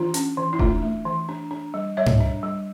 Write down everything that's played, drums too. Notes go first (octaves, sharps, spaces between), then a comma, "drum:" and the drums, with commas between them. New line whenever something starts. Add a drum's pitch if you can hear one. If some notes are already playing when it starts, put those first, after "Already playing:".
Already playing: E3 D4 F4
C#4, drum: hi-hat
E3
E4
A3 D4 F4, drum: kick E1
A3
E3
D4
D4
G3
G3 C#5 E5
drum: tom G#2
D4
G3